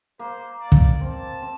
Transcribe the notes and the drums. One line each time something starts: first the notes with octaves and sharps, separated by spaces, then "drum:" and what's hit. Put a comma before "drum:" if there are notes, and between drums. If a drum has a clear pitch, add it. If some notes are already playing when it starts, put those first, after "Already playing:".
A#3 C5
D5
drum: kick
C4 A5
C4